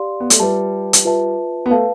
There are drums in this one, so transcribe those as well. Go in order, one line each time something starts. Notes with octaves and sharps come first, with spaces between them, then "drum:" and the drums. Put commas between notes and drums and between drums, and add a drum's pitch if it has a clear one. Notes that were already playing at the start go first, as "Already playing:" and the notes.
Already playing: G4 D5 F5 C6
B3
A3, drum: hi-hat
G3 F4 B4 E5 A5
drum: hi-hat
F4 B4 E5 A5
B3
A3 B4 F5 A5